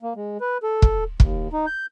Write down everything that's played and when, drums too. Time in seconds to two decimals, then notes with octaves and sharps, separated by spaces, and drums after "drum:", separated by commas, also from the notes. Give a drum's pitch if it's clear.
0.03 A#3
0.16 G#3
0.41 B4
0.63 A4
0.82 drum: kick
1.20 D#2, drum: kick
1.53 D#4
1.67 G6